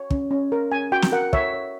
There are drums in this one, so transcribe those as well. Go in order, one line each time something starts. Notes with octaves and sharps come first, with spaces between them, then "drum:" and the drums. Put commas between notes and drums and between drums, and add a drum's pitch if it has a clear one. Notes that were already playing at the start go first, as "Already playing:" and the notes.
Already playing: C#5
C#4, drum: kick
C#4
A#4
C#4 G#5
F#4 G5
drum: snare
A#4 F#5
C#5 E5, drum: kick
C#5